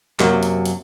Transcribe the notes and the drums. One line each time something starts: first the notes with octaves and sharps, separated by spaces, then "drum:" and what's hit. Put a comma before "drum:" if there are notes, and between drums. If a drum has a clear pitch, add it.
F#2 C3 F#3 A#3, drum: clap
drum: hi-hat
drum: hi-hat